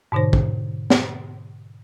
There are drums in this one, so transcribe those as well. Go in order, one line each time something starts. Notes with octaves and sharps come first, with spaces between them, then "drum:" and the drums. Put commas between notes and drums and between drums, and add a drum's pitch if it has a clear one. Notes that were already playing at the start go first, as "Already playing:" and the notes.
G#2 B2 D3 D#4 C5
drum: kick
drum: snare